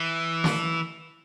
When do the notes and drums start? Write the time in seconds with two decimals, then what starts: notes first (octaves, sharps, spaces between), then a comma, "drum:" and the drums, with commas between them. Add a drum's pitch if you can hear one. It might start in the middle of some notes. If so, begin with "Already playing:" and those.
Already playing: E3
0.44 drum: snare